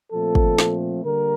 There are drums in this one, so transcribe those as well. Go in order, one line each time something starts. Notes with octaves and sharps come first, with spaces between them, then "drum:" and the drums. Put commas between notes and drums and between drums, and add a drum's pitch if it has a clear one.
A#2 F3 A3 C4 A4
drum: kick
drum: snare
D3 G3 A#3 A#4